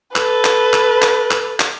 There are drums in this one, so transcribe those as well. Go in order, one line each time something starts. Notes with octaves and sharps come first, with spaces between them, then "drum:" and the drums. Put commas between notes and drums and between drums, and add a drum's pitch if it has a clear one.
A4 B4, drum: clap
drum: clap
drum: clap
drum: clap
drum: clap
drum: clap